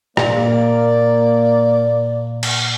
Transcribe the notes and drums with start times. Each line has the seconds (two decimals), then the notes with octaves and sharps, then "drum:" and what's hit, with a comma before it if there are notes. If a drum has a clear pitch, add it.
0.17 A#2 A#3 D5, drum: rim click
2.43 drum: cymbal